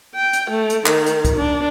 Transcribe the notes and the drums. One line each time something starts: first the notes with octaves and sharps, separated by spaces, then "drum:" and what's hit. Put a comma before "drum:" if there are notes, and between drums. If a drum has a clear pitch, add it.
G5
drum: hi-hat
A3
drum: hi-hat
D#3, drum: clap
drum: hi-hat
drum: kick, hi-hat
D4